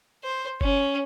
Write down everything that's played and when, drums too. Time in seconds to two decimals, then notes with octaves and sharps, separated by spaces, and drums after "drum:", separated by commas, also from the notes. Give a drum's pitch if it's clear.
0.24 C5
0.61 C#4, drum: kick F#1